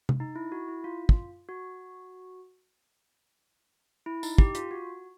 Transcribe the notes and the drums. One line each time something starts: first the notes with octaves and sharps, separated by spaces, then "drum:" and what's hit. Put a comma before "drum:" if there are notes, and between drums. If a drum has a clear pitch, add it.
drum: tom C3
D#4
E4
F#4
E4
F4
drum: kick
F#4
E4
D#4, drum: tambourine
G4, drum: kick
F4, drum: hi-hat
F#4